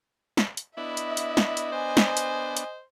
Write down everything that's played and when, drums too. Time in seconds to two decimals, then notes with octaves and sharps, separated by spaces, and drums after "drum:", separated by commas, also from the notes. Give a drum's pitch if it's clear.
0.37 drum: snare
0.57 drum: hi-hat
0.77 B3 D4 E4 D#5 E5
0.97 drum: hi-hat
1.17 drum: hi-hat
1.37 drum: snare
1.57 drum: hi-hat
1.72 C5 G#5
1.97 drum: snare
2.17 drum: hi-hat
2.57 drum: hi-hat